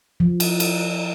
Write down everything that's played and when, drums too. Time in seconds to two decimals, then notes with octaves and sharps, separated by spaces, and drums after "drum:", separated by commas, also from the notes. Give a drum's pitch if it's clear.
0.20 F3
0.40 drum: cymbal
0.60 drum: cymbal